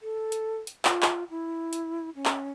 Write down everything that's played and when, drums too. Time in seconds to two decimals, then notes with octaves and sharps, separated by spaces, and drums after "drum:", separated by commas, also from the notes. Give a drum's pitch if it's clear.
0.01 A4
0.32 drum: hi-hat
0.67 drum: hi-hat
0.85 F4, drum: clap
1.02 drum: clap
1.30 E4
1.73 drum: hi-hat
2.15 C#4
2.25 drum: clap